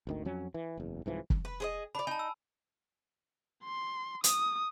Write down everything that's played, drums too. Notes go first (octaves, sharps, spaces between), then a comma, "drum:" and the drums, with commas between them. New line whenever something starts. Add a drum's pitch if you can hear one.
G#1 D2 D#3
F2 F#3 C#4
E3
F#1 E2
C2 G#2 E3 F3
drum: kick
B4
G#4 B4 D#5
D4 D5 B5
D#4 G#5 A5
E6
C6
D#6, drum: hi-hat